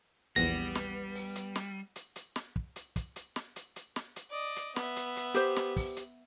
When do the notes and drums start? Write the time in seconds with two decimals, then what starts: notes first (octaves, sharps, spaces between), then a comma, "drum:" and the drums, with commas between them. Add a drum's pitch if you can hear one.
0.36 A#1 E2 G3 B3 A#6
0.75 drum: snare
1.15 drum: open hi-hat
1.35 drum: hi-hat
1.56 drum: snare
1.96 drum: hi-hat
2.16 drum: hi-hat
2.36 drum: snare
2.56 drum: kick
2.76 drum: hi-hat
2.96 drum: kick, hi-hat
3.16 drum: hi-hat
3.36 drum: snare
3.56 drum: hi-hat
3.76 drum: hi-hat
3.96 drum: snare
4.16 drum: hi-hat
4.30 D5 D#5
4.56 drum: hi-hat
4.76 B3 E5, drum: snare
4.96 drum: hi-hat
5.16 drum: hi-hat
5.34 G4 C5, drum: hi-hat
5.56 drum: snare
5.76 drum: kick, open hi-hat
5.97 drum: hi-hat